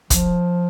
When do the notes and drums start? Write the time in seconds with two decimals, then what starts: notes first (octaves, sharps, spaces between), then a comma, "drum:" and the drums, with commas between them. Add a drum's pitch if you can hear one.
0.10 F3, drum: kick, hi-hat